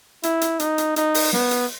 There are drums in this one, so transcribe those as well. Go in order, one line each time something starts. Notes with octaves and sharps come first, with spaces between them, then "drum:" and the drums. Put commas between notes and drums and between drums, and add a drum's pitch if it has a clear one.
E4, drum: hi-hat
drum: hi-hat
D#4, drum: hi-hat
drum: hi-hat
D#4, drum: hi-hat
drum: open hi-hat
B3, drum: snare
drum: hi-hat